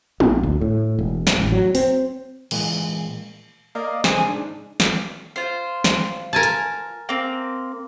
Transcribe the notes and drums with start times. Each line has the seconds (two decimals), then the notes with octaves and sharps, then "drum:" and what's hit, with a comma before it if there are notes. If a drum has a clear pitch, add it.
0.20 A#1, drum: tom
0.43 D2
0.61 A2
0.99 E1
1.27 drum: snare
1.38 A1
1.52 F#3
1.75 C4, drum: open hi-hat
2.51 A#2 E3 G#3 A#3, drum: cymbal
3.75 A#3 D5 D#5 F5
4.04 C#3 G#4 C5, drum: snare
4.28 G#2 D4
4.80 drum: snare
5.36 F4 C5
5.84 drum: snare
6.33 A#4 G#5 A5
6.43 drum: hi-hat
7.09 A#3 C4